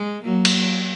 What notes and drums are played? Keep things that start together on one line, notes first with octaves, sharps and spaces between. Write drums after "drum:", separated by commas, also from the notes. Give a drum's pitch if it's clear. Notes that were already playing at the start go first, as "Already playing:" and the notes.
Already playing: G#3
F#3 A#3
drum: cymbal